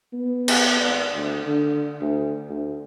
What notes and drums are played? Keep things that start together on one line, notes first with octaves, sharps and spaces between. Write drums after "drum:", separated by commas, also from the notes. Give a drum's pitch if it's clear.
B3
drum: cymbal
G#1
D2
D3
D2
D2